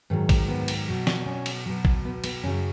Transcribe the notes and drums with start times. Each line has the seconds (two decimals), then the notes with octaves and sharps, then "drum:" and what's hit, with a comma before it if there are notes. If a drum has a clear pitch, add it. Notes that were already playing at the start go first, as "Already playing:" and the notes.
0.10 G#2 D#3 F#3
0.29 drum: kick A1, cymbal
0.48 B3
0.68 drum: cymbal
0.88 B2 F#3
1.07 drum: snare
1.26 C#4
1.46 drum: cymbal
1.66 B2 F#3
1.85 drum: kick A1
2.05 B3
2.24 B3, drum: cymbal
2.43 F#2 C#3 F#3 C#4